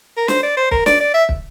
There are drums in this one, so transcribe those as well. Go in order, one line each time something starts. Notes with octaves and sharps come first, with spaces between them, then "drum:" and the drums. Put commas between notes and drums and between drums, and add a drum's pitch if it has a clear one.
A#4
C5, drum: snare
D5
C5
A#4, drum: kick
D5, drum: snare
D5
E5
drum: kick